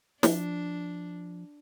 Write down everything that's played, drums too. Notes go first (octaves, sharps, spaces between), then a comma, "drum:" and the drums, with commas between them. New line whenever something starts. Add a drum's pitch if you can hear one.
F3 D4, drum: snare